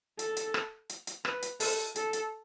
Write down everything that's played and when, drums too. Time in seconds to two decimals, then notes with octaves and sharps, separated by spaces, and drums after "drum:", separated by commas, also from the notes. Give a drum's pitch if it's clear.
0.19 A4, drum: hi-hat
0.37 drum: hi-hat
0.54 drum: rim click
0.89 drum: hi-hat
1.07 drum: hi-hat
1.25 B4, drum: rim click
1.42 drum: hi-hat
1.60 A4, drum: open hi-hat
1.96 A4, drum: hi-hat
2.13 drum: hi-hat